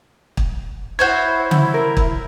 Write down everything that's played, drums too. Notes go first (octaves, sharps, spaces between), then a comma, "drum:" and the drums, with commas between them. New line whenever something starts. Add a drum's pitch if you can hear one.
drum: kick
E4 F#4 C5 C#5 G6 G#6
drum: tom C#3
A#4
drum: kick